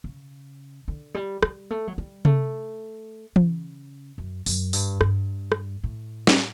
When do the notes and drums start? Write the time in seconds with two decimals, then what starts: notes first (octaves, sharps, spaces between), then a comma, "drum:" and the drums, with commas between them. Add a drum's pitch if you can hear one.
0.04 C#3
0.88 D3
1.14 G3
1.43 G3, drum: rim click
1.70 A3
1.87 F#3
1.98 G3
2.25 A3, drum: tom C3
3.36 C#3, drum: tom E3
4.18 F#2
4.46 F#2, drum: open hi-hat
4.73 G2, drum: open hi-hat
5.01 G2, drum: rim click
5.52 drum: rim click
5.83 A2
6.27 drum: snare